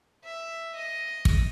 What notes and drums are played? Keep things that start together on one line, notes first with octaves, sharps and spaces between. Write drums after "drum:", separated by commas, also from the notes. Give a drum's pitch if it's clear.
E5
D#5
drum: kick